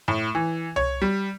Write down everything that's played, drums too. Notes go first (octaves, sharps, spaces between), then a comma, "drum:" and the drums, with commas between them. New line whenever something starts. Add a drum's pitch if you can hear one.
A2
E3
C#5, drum: tom C2
G3